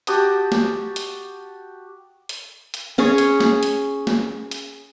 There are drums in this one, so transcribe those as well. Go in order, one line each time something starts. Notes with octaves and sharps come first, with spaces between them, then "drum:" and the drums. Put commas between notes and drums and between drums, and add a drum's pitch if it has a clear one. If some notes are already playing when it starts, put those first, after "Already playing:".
F#4 G4 A5 D#6, drum: hi-hat
drum: snare
drum: hi-hat
drum: hi-hat
drum: hi-hat
C#4 G#4 C#5
drum: hi-hat
drum: snare
drum: hi-hat
drum: snare
drum: hi-hat